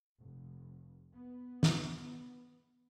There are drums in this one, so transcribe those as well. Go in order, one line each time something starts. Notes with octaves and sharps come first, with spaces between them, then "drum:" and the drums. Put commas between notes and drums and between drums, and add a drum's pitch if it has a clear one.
F1
B3
drum: snare